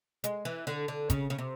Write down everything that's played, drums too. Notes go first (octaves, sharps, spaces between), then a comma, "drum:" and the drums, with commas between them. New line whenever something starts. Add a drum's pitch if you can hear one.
G#3, drum: hi-hat
E3
D3
D3
C#3, drum: kick, hi-hat
C#3
C3